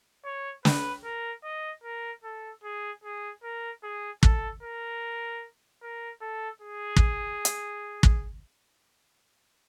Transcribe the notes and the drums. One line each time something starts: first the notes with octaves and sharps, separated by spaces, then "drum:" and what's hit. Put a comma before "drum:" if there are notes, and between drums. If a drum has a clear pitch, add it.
C#5
B4, drum: snare
A#4
D#5
A#4
A4
G#4
G#4
A#4
G#4
A4, drum: kick
A#4
A#4
A4
G#4
drum: kick
drum: hi-hat
drum: kick